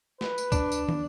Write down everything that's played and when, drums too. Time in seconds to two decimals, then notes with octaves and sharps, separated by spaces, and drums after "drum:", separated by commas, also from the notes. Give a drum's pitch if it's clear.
0.21 B4, drum: snare
0.38 drum: tambourine
0.52 D4, drum: kick, tambourine
0.72 drum: tambourine
0.89 drum: tom